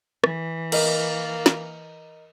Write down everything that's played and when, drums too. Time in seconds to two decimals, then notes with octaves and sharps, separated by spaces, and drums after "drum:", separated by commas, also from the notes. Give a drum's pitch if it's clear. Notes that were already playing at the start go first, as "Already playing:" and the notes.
0.24 E3, drum: rim click
0.72 A#3 A#4 D#5, drum: cymbal
1.46 drum: snare